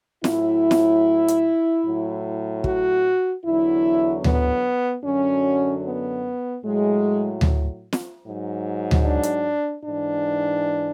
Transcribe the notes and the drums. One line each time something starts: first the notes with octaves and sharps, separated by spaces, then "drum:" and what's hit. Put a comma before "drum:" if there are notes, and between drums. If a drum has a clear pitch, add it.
A2 F#3 E4, drum: snare
drum: snare
drum: hi-hat
A2 F#3
F#4, drum: kick
E2 D3 F#3 E4
B3, drum: tom D2
F#2 D3 F#3 C#4
B3
A2 F#3 G#3
drum: tom D2
drum: snare
G#2 F#3
drum: tom D2
D4
drum: hi-hat
G#2 E3 D4